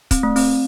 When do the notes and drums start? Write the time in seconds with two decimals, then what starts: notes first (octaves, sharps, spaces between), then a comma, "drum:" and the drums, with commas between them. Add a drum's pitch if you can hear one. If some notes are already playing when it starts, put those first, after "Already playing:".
0.11 C4, drum: kick, hi-hat
0.23 A3
0.36 C4, drum: open hi-hat